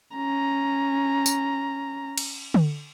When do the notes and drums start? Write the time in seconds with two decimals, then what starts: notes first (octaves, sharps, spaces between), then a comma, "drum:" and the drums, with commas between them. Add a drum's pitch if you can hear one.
0.17 C#4 A#5
1.26 drum: tambourine
2.18 drum: cymbal
2.54 drum: tom D3